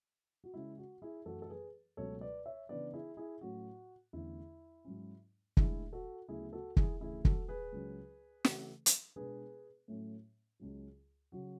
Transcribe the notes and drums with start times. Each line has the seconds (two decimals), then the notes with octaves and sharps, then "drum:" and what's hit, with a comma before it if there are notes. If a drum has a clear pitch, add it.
0.44 F#4
0.54 C#3 G#3 C#4 E4
0.78 F#4
1.02 E4 G#4
1.26 F#2 E3 A3 F#4 A4
1.42 A4
1.49 G#4 B4
1.97 C#2 B2 F#3 A3 C#4 A4 C#5
2.21 B4 D5
2.46 C#5 E5
2.69 C#3 E3 B3 D4 B4 D5
2.94 E4 G#4
3.17 E4 G#4
3.41 A2 F#3 C#4 F#4
4.13 E2 D3 A3 C#4 E4
4.85 G#2 F#3 C#4
5.57 A2 G#3 D4 E4 G#4, drum: kick
5.93 F#4 A4
6.29 D2 C#3 F#3 B3 E4 G#4
6.53 F#4 A4
6.77 E4 G#4, drum: kick
7.00 D2 C#3 E3 E4 G#4
7.25 F#4 A4, drum: kick
7.48 G#4 B4
7.72 C#2 C#3 F#3 C#4
8.45 C#3 E3 A3, drum: snare
8.86 drum: hi-hat
9.16 B2 G#3 B3 D4 G#4 B4
9.88 A2 F#3 A3 C#4
10.60 C#2 C#3 F#3
11.32 C#3 F#3 C#4 F#4